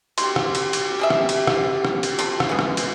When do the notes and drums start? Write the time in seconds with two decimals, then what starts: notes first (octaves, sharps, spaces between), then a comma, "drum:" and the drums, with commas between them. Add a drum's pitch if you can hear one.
0.18 G4 C6, drum: cymbal
0.36 drum: rim click
0.55 drum: cymbal
0.73 drum: cymbal
0.99 G3 G#4 E5
1.10 drum: rim click
1.29 drum: cymbal
1.47 drum: rim click
1.85 drum: rim click
2.03 drum: cymbal
2.19 C4 F4 A4, drum: cymbal
2.40 drum: rim click
2.49 E3 G#3 B3
2.59 drum: rim click
2.77 drum: cymbal